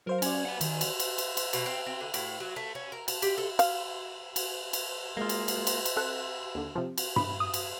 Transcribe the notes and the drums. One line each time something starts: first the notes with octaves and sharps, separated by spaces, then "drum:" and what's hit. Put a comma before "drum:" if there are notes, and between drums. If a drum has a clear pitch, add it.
F#3 A#4 C5 F5
C#4 D5 G#5, drum: cymbal
B4 F#5
D#3, drum: cymbal
drum: cymbal
drum: cymbal
drum: cymbal
drum: cymbal
B2, drum: cymbal
C4
C4
D3
A2, drum: cymbal
F#3
A3
C#4
A#4
A5, drum: cymbal
G4, drum: cymbal
A4
F5, drum: cymbal
drum: cymbal
drum: cymbal
G#3 A#3 F4
drum: cymbal
drum: cymbal
drum: cymbal
drum: cymbal
C4 A4 F#6
D#2 D3
C3 F3
drum: cymbal
B5, drum: tom G2
D#6
drum: cymbal